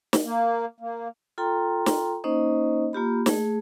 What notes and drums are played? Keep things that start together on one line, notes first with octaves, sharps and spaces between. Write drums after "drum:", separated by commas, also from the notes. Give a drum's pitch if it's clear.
drum: snare
A#3
A#3
F4 A4 G5 A#5 C6
drum: snare
A#3 C#4 D#4 C5 D#5
A#3 F4 G4 B5
A3 G#4, drum: snare